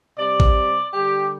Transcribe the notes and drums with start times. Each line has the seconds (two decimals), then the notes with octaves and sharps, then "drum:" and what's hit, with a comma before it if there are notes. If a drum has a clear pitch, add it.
0.17 C3 G3 D5
0.40 drum: kick
0.94 D3 G3 G4